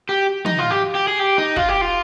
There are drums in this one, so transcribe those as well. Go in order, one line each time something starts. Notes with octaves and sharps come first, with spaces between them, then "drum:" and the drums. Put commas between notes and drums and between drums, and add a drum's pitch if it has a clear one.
G4
D#4, drum: tom
F4
G4
G4
G#4
G4
D#4
F4, drum: kick
G4
F4